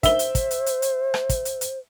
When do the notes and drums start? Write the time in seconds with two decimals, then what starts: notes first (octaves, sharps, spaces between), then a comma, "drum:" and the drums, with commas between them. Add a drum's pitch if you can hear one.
0.03 C5 E5 G7, drum: kick, hi-hat
0.19 drum: hi-hat
0.35 drum: kick, hi-hat
0.51 drum: hi-hat
0.66 drum: hi-hat
0.82 drum: hi-hat
1.14 drum: rim click
1.29 drum: kick, hi-hat
1.45 drum: hi-hat
1.61 drum: hi-hat